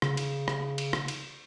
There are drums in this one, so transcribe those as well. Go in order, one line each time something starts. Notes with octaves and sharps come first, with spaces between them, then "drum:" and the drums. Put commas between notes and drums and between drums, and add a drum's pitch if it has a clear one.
C#3, drum: rim click
drum: cymbal
drum: rim click
drum: cymbal
drum: rim click
drum: cymbal